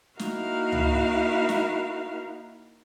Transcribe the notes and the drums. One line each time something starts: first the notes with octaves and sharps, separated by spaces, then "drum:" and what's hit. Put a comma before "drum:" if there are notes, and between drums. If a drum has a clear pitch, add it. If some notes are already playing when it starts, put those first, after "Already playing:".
A#3 D#4 E4 F#4 A#4 F5, drum: snare
drum: tom C#2
drum: snare